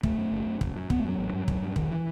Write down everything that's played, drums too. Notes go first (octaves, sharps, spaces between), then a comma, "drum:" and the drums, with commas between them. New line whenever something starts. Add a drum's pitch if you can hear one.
F#1 A3, drum: kick
F#2
F#1
F#2
F#1, drum: kick
F#2
F#1 B3, drum: kick
A3
F#2 F#3
A1
G2
A1, drum: kick
G2
F#1 D#3, drum: kick
E3